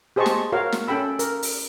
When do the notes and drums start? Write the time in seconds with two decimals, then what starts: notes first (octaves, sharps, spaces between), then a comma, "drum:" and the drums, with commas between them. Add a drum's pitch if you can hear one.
0.16 G4 G#4 C5 D#5 A5 C#6
0.26 drum: snare
0.52 F#4 A#4 C#5 F5
0.72 drum: snare
0.87 C#4 A4 G5 B5 E6
1.19 A#4, drum: hi-hat
1.43 drum: open hi-hat